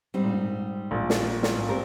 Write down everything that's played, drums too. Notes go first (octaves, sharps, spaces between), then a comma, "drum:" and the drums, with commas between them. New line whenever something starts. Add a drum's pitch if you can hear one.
G#2 G3 C4 D#4
A#2
G#2
A#1 A#2
drum: snare
drum: snare
A#2
C4 G4 A#4